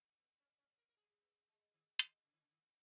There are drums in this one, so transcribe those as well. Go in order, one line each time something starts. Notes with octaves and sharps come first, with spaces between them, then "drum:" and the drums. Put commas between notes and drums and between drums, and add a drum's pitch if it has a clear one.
B3
C#4
C#4
A#4
A#4
G#4
B3
G#3
D#3
D#3, drum: hi-hat
C#3
D#3
C#3
D#3